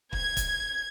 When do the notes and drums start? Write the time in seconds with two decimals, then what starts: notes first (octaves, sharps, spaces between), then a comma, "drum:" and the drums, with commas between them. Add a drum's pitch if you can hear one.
0.13 G#6, drum: kick
0.37 drum: kick, hi-hat